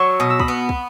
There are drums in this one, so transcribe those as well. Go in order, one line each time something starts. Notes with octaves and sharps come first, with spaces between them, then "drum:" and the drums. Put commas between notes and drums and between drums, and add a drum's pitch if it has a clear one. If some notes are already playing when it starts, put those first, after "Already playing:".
Already playing: F#3 C#6 E6
B2 D#6
E6
B5 D#6, drum: kick
B3
drum: kick